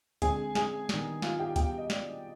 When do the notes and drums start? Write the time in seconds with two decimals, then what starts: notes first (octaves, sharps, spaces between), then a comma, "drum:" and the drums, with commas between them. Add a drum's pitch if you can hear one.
0.22 D3 G#3 C4 G#4 G#5, drum: kick C#2, hi-hat
0.55 G#4 G#5, drum: snare
0.89 D#3 G3 B3 D4, drum: snare
1.22 F4 F5, drum: snare
1.40 G4 G5
1.56 B2 G3 B3 D4 G4 G5, drum: kick C#2, hi-hat
1.78 D#5
1.90 D4 D5, drum: snare